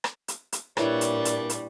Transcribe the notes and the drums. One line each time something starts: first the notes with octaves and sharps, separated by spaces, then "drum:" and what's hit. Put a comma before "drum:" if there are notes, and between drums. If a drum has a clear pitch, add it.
drum: rim click
drum: hi-hat
drum: hi-hat
A#2 G3 D4 E4 A#4 B4 C#5, drum: rim click
drum: hi-hat
drum: hi-hat
drum: hi-hat